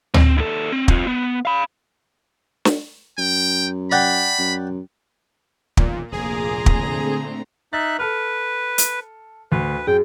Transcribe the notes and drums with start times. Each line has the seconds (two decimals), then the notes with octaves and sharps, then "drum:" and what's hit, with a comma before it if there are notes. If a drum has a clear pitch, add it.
0.14 C4, drum: tom D2
0.38 D#2 A4
0.72 C4
0.88 C4 F4, drum: kick
1.07 B3
1.45 F5 B5
2.65 drum: snare
3.18 F#2 G5
3.92 D5 F#5 G5 B5
4.38 F#2
5.77 E1 D#2 A#2 F3, drum: kick
6.12 F1 D2 A#2 A#3 G#4 A#5 C6 D6
6.66 D3 A3 C4, drum: kick
7.73 D#4 E5 F#6 A6
7.99 A4 B4 F6
8.78 drum: hi-hat
9.52 D2 B4
9.87 F#2 G#4 G5